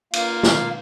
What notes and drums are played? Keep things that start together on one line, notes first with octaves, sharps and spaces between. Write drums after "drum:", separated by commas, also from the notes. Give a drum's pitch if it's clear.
A#3 F4 F5, drum: cymbal
drum: snare